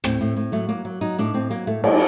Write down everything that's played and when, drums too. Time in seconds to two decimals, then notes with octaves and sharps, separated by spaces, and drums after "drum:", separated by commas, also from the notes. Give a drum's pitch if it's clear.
0.04 A2 C4, drum: rim click
0.21 A2
0.37 A2
0.52 F#3 A3
0.69 F#3 A#3
0.85 F#3
1.01 F#3 D#4
1.18 A2 D4
1.34 A2 C4
1.50 F#3 A#3
1.67 A2 A3
1.84 F#3 A#3, drum: cymbal